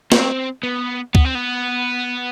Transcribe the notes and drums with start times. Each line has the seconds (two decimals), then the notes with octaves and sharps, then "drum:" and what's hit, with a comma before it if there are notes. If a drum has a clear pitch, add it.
0.12 C4, drum: snare
0.63 B3
1.15 B3, drum: kick
1.25 C4
1.35 B3